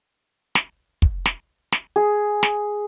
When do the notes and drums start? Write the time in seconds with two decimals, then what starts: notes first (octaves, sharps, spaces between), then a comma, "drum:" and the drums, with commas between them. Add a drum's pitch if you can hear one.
0.55 drum: snare
1.02 drum: kick
1.26 drum: snare
1.72 drum: snare
1.96 G#4
2.43 drum: snare